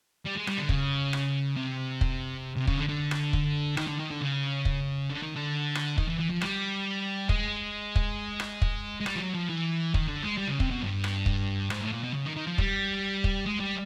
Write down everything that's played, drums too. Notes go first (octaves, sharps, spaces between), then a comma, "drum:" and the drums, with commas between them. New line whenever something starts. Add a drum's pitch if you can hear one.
G3
G#3
G3, drum: rim click
D3
C#3, drum: kick
drum: rim click
C3
drum: kick
C3
C#3, drum: kick
D3
D3
drum: rim click
drum: kick
D#3, drum: rim click
D3
D#3
D3
C#3
drum: kick
D3
D#3
D3
drum: rim click
D#3, drum: kick
E3
E3
F3
G3, drum: rim click
G#3, drum: kick
drum: kick
drum: rim click
drum: kick
G#3
G3, drum: rim click
F3
F#3
F3
E3
D#3, drum: kick
D3
G#3
G3
C#3
C3, drum: kick
B2
G2
drum: rim click
drum: kick
G#2, drum: rim click
A2
A#2
B2
C#3
D#3
D#3
F3
G3, drum: kick
drum: kick
G#3
G3